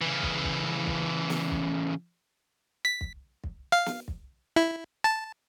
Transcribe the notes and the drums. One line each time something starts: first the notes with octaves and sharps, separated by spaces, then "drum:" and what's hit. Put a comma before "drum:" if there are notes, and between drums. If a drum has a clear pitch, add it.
C#3 E3
drum: kick
drum: kick
drum: kick
drum: snare
drum: kick
B6
drum: kick
drum: kick
F5
drum: snare
drum: kick
E4
A5